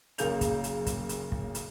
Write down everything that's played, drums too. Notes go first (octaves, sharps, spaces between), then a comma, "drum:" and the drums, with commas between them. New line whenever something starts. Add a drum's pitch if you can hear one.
F#1 B1 A#3 G#4 G6 F7, drum: hi-hat
drum: kick, hi-hat
drum: hi-hat
drum: kick, hi-hat
drum: hi-hat
drum: kick
drum: hi-hat